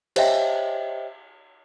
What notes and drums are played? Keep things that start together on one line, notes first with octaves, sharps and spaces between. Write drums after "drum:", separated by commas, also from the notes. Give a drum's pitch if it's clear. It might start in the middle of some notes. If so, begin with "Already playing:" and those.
G4 C5 C#5 D#5 E5 G5, drum: cymbal